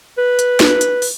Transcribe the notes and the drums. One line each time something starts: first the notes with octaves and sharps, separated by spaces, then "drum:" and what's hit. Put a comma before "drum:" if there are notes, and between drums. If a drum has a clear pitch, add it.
B4
drum: hi-hat
drum: snare
drum: hi-hat
drum: open hi-hat